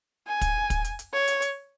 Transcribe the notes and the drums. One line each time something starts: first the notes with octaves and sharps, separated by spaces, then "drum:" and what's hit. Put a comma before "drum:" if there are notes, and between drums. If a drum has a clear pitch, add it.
G#5
drum: kick, hi-hat
drum: kick, hi-hat
drum: hi-hat
drum: hi-hat
C#5
drum: hi-hat
drum: hi-hat